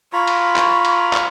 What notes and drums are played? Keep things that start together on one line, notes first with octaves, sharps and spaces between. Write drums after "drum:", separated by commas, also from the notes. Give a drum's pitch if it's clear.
F4 A#5 B5 C#6
drum: cymbal
drum: clap
drum: cymbal
drum: clap